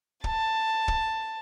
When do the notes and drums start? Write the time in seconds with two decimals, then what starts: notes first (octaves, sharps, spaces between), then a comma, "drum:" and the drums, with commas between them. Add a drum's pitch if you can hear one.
0.24 A5, drum: kick
0.88 drum: kick